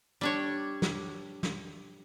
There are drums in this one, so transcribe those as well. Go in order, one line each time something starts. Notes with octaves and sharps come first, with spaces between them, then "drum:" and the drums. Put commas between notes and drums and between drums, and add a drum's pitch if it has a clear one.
G3 D4 C#5
drum: snare
drum: snare